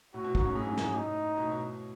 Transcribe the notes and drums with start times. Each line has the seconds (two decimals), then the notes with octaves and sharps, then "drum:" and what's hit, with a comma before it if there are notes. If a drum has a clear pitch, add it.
0.14 A2 F#4
0.24 B2
0.35 G#2, drum: kick
0.45 F#2
0.55 A2 G#4
0.63 G#2
0.70 F#2
0.77 G#2, drum: snare
0.95 A2 D#4
1.37 B2
1.44 A2
1.51 B2